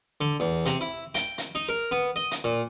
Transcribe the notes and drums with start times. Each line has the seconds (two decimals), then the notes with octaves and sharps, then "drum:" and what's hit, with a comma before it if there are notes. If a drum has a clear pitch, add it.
0.21 D3
0.40 E2
0.66 C3, drum: hi-hat
0.81 E4
1.15 G5, drum: hi-hat
1.38 drum: hi-hat
1.55 D#4
1.69 A#4
1.92 B3
2.16 D#5
2.31 drum: hi-hat
2.44 A#2